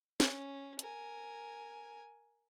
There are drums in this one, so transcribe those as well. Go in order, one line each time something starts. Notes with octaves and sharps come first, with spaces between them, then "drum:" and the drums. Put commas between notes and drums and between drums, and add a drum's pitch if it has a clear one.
C#4, drum: snare
A#4 G#5, drum: hi-hat